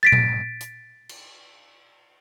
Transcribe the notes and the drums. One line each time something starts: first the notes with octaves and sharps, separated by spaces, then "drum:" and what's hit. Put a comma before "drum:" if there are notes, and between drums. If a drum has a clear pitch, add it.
A6 B6 D7
drum: tom A#2
drum: hi-hat
drum: cymbal